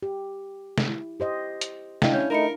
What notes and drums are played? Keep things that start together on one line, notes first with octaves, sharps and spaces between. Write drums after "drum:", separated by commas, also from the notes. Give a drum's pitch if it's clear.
G4
drum: snare
E4
G4 C5 D#5
drum: hi-hat
D4 E4 D#5 F5 G5, drum: snare
C#4 G6
A3 D#4 A#4 A#5 B5 C#7